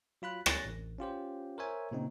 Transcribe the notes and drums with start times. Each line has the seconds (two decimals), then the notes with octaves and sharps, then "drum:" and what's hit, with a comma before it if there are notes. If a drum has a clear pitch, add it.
0.22 F#3 F4 B5 F#6
0.46 C#5 G#5 F#6 A6 A#6, drum: rim click
0.65 A1
0.98 C#4 F4 G4 C5
1.58 A#4 C5 C#5 E5 G#5
1.91 A#2 C#3 C4 D#4